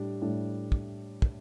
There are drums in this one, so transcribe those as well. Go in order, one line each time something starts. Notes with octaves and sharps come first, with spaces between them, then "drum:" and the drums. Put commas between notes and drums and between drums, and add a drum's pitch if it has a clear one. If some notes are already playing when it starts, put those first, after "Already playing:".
Already playing: A2 G3 D4
A2 G3 D4
drum: kick
drum: kick